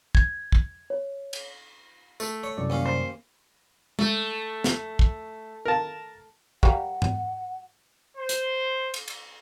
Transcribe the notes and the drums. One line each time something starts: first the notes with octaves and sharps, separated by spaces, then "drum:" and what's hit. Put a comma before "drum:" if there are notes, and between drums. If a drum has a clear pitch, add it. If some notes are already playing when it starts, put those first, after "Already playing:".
G#6, drum: kick
drum: kick
C#5
drum: cymbal
A3, drum: tambourine
C#5
C2 F#2 D5
D#2 C#4 F5
C5
A3, drum: tom G#3
drum: snare
drum: kick
A#4 A5
G3 A#4 F5 F#5, drum: kick
drum: tom G#2
C5
drum: hi-hat
drum: cymbal
drum: cymbal